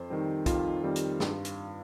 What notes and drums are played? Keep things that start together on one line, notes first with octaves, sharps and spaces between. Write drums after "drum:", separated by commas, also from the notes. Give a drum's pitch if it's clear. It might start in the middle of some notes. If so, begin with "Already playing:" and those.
Already playing: F2 C5
D#3 G3 C4
F2 F4, drum: kick, hi-hat
D#3 G3 C4
drum: hi-hat
G2, drum: snare
drum: hi-hat